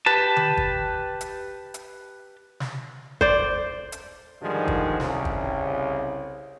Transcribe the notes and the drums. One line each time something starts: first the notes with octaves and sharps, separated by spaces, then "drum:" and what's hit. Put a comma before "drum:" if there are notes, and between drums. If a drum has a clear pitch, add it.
G4 B4 A5
drum: tom D3
drum: kick
drum: hi-hat
drum: hi-hat
drum: snare
C5 D5, drum: kick
drum: hi-hat
G#2 D3 D#3 F3 G3 G#3
drum: kick
C2 C#3, drum: snare
drum: kick